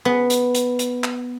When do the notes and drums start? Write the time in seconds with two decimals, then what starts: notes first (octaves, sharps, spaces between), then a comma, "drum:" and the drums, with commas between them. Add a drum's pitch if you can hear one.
0.05 B3
0.30 drum: hi-hat
0.55 drum: hi-hat
0.79 drum: hi-hat
1.04 drum: clap